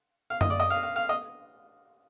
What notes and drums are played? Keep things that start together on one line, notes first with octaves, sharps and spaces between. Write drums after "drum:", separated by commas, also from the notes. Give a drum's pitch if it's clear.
F5
D#5, drum: tom F#2
D5
D#5
F5
F5
F5
D#5